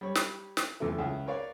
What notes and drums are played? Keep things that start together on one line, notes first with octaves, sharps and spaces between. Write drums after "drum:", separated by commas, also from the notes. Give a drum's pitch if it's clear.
G3 C#5
drum: snare
drum: snare
E2 C3 F3 A3
C#2 G#4 E5
A#4 B4 C#5 D5 F5